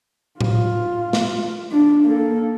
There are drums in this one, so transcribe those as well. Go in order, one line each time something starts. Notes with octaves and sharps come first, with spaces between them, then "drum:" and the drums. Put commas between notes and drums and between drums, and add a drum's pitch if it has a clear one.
F4, drum: tom A2
drum: snare
D4
A#3 A4